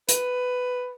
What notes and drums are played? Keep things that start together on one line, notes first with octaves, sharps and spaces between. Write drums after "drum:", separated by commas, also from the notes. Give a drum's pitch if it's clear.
B4, drum: hi-hat